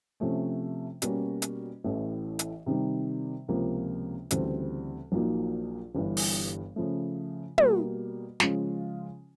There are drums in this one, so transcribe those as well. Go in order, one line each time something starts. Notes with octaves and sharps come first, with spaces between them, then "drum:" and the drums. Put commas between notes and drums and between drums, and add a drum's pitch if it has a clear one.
C3 F3 A3 C#4
B2 G3 A#3 C#4 F#4, drum: hi-hat
drum: hi-hat
A1 A2 E3 A3
drum: hi-hat
C3 D#3 G3
C#2 C3 F3 A#3
D2 C#3 E3 G3 C4, drum: hi-hat
A#1 A#2 F#3 A#3 D#4
G1 G2 E3
drum: open hi-hat
C#3 F3 A3
B2 G3 A#3, drum: tom
C#3 F3 G#3 C#4 F4, drum: snare